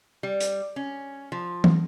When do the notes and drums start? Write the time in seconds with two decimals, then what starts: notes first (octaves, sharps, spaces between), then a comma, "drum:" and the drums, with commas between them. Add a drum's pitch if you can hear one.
0.23 G3
0.40 drum: hi-hat
0.76 C#4
1.32 F3
1.64 drum: tom E3